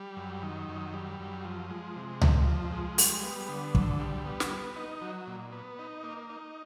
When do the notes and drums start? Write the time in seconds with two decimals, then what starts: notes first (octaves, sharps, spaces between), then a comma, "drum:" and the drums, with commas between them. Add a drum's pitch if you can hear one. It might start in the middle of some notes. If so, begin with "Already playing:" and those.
Already playing: G3
0.17 F#2
0.43 D#3
0.69 F#2
0.93 G3
1.20 F#2
1.45 F3
1.70 G#3
1.96 C3
2.21 F2, drum: tom C#2
2.47 F3
2.72 G#3
2.98 G3, drum: open hi-hat
3.23 B3
3.49 D3
3.75 D2, drum: kick
4.00 G3
4.26 B3
4.40 drum: snare
4.51 B3
4.76 D#4
5.02 F#3
5.27 A#2
5.52 B3
5.79 D#4
6.03 A#3
6.29 D#4